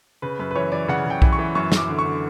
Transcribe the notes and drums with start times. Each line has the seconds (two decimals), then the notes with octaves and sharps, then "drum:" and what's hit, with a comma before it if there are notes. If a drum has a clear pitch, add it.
0.22 C#3 B4
0.39 F#2 B4
0.51 B4
0.55 E3 C#5
0.72 E3 D5
0.88 C#3 F#5
1.06 C#3 G5
1.22 E3, drum: kick B1
1.32 C#6
1.39 E3
1.55 F#2 C#6
1.72 F#2 D6, drum: snare
1.88 D3
1.99 C#6
2.05 D3